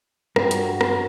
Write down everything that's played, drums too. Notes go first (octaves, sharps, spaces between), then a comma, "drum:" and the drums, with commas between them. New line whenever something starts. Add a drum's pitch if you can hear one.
G2 F#3, drum: rim click
drum: hi-hat
drum: rim click